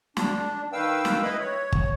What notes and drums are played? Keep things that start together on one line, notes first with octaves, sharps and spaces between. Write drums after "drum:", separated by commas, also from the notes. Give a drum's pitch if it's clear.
D4, drum: snare
D#3 B4 F5 G5 E6
drum: snare
E4 B4 D#5 B5
C#5
drum: kick